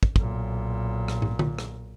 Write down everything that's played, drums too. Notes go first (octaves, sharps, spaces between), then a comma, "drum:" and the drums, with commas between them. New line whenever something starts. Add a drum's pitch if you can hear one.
drum: kick
B1 A#2, drum: kick
drum: rim click
drum: tom
drum: tom D3
drum: rim click